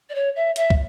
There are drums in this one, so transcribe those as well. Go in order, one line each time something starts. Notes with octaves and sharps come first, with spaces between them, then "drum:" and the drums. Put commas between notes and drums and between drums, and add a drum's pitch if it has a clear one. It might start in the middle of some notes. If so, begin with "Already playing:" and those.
D5
C#5
E5
E5, drum: hi-hat
drum: kick